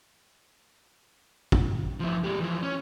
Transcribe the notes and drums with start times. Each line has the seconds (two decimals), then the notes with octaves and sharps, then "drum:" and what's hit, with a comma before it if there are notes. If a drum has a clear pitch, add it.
1.52 drum: kick
2.00 F3 E4
2.24 G#3 G4
2.40 E3 F3
2.62 C#4